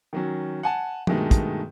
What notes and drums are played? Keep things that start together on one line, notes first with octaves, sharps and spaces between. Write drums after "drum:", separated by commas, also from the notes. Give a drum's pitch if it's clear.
D#3 F#3 C#4
F#5 G#5 A5
G2 B2 D#3 G#3 A3, drum: tom
drum: kick, hi-hat